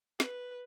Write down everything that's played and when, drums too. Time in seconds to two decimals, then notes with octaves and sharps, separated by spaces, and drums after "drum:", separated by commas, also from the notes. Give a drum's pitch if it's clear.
0.20 B4, drum: snare